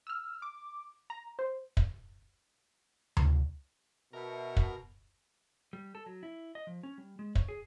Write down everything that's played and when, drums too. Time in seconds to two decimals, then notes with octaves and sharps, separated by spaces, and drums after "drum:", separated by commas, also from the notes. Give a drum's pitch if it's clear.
0.07 E6 F6
0.42 D6
1.10 A#5
1.39 C5
1.77 drum: kick
3.17 drum: tom D2
4.13 B2 A#4 E5 F#5 A5
4.57 drum: kick
5.73 G3
5.95 A4
6.06 F#3
6.23 E4
6.55 D#5
6.67 F3
6.83 C#4
6.98 G3
7.19 G#3
7.35 C#5, drum: kick
7.49 G#4